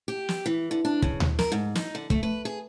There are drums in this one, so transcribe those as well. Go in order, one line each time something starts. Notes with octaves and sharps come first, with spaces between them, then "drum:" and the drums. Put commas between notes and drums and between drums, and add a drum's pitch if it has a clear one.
G4
drum: snare
E3
D3
D4
C#3, drum: kick
drum: tom D2
A#4, drum: snare
G#2
D#4, drum: snare
D3
A3, drum: kick
B4
G#4